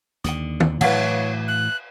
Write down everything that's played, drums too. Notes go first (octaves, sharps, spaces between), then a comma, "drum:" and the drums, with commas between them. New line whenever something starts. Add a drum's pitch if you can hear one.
D#2 D3 G5 D#6, drum: hi-hat
drum: tom
A2 E3 F#3 B4 C#5 F5 F#5, drum: cymbal
F#6